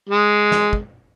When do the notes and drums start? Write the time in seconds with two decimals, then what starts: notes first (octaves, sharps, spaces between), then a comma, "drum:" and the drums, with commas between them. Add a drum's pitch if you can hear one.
0.09 G#3
0.52 drum: snare
0.73 drum: kick